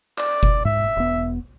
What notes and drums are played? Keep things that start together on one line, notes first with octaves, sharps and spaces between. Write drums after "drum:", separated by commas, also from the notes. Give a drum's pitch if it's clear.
D5, drum: clap
drum: kick F#1
G#2 E5
E1 B3